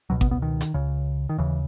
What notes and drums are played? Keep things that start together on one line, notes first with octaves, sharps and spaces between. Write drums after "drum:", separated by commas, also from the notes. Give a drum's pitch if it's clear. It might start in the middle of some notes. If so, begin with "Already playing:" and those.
C#2 B2 F#3
B3, drum: kick G#1
B3
D#3
drum: hi-hat
C#2 C#3
D#3
D#2 C#3 E3